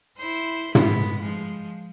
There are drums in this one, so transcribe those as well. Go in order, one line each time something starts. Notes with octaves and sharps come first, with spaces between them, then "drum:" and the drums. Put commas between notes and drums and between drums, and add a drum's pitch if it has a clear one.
E4 C5
G#3 B3, drum: tom
F3 G#3